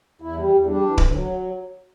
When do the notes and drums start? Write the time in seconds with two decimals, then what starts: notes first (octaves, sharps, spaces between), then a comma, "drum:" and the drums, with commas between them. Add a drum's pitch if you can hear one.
0.21 E2 E4
0.37 G3
0.52 E2
0.66 G3 D4
0.82 E3
0.98 D2, drum: kick D1
1.12 F#3